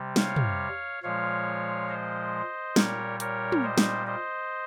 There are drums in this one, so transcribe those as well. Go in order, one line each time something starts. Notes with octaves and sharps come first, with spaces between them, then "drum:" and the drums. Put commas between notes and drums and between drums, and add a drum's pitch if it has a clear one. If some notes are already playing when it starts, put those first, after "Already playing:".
Already playing: C3 G3
C#5 F5, drum: snare
drum: tom
A#2 F3 G#3 C#5 F5
C5 D#5
A#2 G3 A#4 C#5, drum: snare
A#4 C#5, drum: hi-hat
drum: tom
C5 D#5
drum: snare
C5 D#5